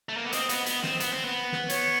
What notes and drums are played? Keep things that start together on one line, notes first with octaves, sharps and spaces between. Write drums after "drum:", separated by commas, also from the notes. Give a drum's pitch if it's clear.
A3
A#3
B3
C4 D#5, drum: hi-hat
B3, drum: hi-hat
B3, drum: hi-hat
C4, drum: snare
B3, drum: hi-hat
C4
B3
drum: snare
C#5, drum: hi-hat